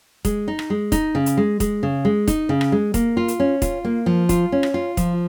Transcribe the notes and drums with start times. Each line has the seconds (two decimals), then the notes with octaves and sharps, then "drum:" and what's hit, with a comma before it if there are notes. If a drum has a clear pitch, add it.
0.25 G#3, drum: kick, hi-hat
0.48 D#4
0.59 drum: rim click
0.70 G#3
0.92 D#4, drum: kick, hi-hat
1.15 C#3
1.26 drum: hi-hat
1.37 G#3
1.60 G#3, drum: kick, hi-hat
1.83 C#3
2.05 G#3
2.28 D#4, drum: kick, hi-hat
2.49 C#3
2.61 drum: rim click
2.72 G#3
2.94 A#3, drum: kick, hi-hat
3.17 F4
3.28 drum: hi-hat
3.40 C#4
3.62 F4, drum: kick, hi-hat
3.85 A#3
4.06 F3
4.29 F4, drum: kick, hi-hat
4.52 C#4
4.63 drum: rim click
4.74 F4
4.97 F3, drum: kick, hi-hat